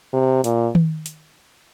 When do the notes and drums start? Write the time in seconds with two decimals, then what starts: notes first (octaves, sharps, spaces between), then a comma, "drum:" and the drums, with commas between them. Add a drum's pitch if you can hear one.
0.13 C3
0.44 A#2, drum: hi-hat
0.75 drum: tom D#3
1.06 drum: hi-hat